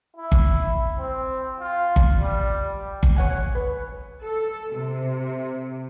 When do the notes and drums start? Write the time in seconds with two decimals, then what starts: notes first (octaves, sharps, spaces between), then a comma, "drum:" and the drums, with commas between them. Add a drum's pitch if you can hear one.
0.16 E4
0.32 drum: kick G1
0.99 C4
1.60 F4
1.96 drum: kick G1
2.19 G3
3.03 drum: kick G1
3.16 C#5 F#5 G#5
3.55 B4
4.22 A4
4.76 C3